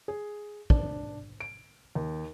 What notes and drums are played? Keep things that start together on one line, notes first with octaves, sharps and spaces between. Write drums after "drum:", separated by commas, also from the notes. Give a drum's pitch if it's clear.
G#4
D4, drum: kick
D7
D#2